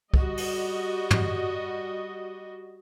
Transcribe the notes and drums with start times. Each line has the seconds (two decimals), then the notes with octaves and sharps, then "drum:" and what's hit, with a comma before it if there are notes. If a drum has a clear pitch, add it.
0.14 G3 F#4 D#5, drum: kick
0.37 drum: open hi-hat
1.11 drum: tom